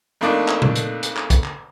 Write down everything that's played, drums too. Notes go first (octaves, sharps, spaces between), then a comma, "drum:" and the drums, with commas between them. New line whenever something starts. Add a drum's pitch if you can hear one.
F2 A3 A#3 D4 D#4 D6
drum: clap
drum: tom A#2
drum: hi-hat
drum: hi-hat
drum: clap
drum: kick, hi-hat
drum: clap